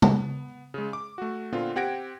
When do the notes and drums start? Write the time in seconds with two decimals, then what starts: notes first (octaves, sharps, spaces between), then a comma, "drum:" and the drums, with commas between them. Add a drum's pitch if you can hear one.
0.02 B3, drum: tom
0.74 C#3 G#3
0.93 D6
1.18 A3 F#4
1.52 A#2 D3 B3 C4 F4
1.76 C4 G4 F#5 G#6 A#6 D7